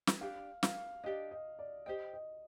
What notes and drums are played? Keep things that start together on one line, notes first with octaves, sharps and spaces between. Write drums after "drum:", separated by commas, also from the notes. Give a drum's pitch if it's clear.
drum: snare
D4 G4 D5 F5
F5, drum: snare
D4 G4 D5 D#5
D#5
D5
G4 C5 D#5 G5
D#5